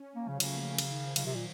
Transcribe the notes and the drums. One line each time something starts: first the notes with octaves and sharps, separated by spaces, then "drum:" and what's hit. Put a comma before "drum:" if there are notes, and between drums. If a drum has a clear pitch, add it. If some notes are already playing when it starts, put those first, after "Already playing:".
Already playing: C#4
A#3
C#3 F3
F#3
C#3 A3, drum: cymbal
A#3
A3
F#3, drum: cymbal
D#3
F3
C#3 F#3, drum: cymbal
C3 F3
A#2